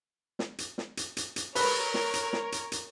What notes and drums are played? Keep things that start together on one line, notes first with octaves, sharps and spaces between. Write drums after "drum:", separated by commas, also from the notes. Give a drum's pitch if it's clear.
drum: snare
drum: hi-hat
drum: snare
drum: hi-hat
drum: hi-hat
drum: hi-hat
A#4 B4 C#5 B5, drum: open hi-hat
drum: snare
drum: hi-hat
drum: snare
drum: hi-hat
drum: hi-hat